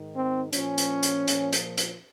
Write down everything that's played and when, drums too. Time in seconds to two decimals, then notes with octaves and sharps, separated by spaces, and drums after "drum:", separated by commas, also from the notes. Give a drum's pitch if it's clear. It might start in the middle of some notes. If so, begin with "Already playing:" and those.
Already playing: G#2 D#3
0.15 C4
0.53 A#2 F3 C#4, drum: hi-hat
0.78 drum: hi-hat
1.03 drum: hi-hat
1.27 A#2 F3, drum: hi-hat
1.53 drum: hi-hat
1.77 drum: hi-hat